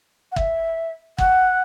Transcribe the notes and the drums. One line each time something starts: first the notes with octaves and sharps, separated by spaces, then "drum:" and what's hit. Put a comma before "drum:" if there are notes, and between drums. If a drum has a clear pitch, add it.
F#5
E5, drum: kick G1
F#5, drum: kick G1